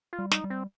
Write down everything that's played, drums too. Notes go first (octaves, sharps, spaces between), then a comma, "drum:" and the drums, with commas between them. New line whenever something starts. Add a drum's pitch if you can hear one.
F4
G3
D#4, drum: snare
G3
C4